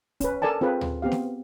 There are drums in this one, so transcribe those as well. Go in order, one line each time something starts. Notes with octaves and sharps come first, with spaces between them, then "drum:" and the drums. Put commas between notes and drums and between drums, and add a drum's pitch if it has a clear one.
C#4 B4, drum: kick, hi-hat
A4 A#4 D5 G#5 A5
C4 F4 G#4 B4
drum: tom D2
B3 C4 G4 F5
drum: snare